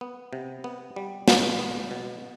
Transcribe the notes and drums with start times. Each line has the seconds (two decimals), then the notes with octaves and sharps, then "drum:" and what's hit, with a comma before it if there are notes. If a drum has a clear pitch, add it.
0.01 B3
0.33 C3
0.64 B3
0.96 G3
1.28 B2, drum: snare
1.59 B3
1.91 B2